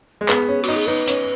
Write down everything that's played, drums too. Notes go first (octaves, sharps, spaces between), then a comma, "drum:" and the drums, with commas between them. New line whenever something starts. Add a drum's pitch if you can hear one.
G#3
B3 G#4, drum: clap
C#4
D#4 F#4, drum: cymbal
G#4
D#4 B4
C#4, drum: hi-hat